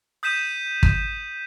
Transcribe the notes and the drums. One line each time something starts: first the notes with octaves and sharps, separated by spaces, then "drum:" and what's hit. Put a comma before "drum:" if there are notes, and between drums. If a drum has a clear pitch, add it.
D#6 G6 B6 D#7 E7
drum: kick